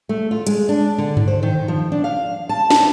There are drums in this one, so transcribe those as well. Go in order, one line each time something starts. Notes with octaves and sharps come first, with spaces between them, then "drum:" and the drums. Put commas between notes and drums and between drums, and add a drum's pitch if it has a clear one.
A3
F4
G#3, drum: hi-hat
D4
D3
drum: tom G2
C5
D#3
F3
D4
F5
A5
drum: snare